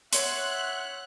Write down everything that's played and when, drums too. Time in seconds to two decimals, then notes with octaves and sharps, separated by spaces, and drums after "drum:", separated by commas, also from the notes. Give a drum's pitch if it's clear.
0.13 C#5 E5 F#5 C6 F#6, drum: hi-hat